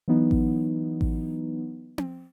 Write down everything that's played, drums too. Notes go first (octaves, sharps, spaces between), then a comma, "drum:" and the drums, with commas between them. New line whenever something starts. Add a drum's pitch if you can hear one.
E3 F#3 B3 D#4
drum: kick A1
drum: kick A1
drum: tom C4